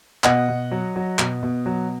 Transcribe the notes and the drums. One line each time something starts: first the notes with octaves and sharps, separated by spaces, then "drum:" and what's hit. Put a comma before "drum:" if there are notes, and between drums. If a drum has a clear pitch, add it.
B2 D#5 F#5, drum: clap
B2
F#3
F#3
B2, drum: clap
B2
F#3